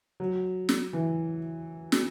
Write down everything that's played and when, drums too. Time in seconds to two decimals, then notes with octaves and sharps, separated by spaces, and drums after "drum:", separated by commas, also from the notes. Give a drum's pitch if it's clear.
0.20 F#3
0.69 drum: snare
0.93 E3
1.92 drum: snare